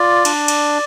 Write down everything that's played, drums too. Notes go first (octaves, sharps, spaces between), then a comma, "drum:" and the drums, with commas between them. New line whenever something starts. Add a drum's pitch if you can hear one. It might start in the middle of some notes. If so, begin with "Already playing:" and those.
Already playing: F4 D5
D4, drum: cymbal
drum: cymbal